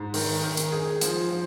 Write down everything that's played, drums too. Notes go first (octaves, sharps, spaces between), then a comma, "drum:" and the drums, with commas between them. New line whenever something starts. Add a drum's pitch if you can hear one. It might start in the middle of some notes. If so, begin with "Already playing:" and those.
Already playing: G#2
D#3, drum: open hi-hat
D#3
drum: hi-hat
G#4
F3, drum: hi-hat
F3